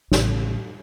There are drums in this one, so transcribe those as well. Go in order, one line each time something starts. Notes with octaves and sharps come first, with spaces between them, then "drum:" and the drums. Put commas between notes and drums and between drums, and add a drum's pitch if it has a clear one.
A1 C#3, drum: snare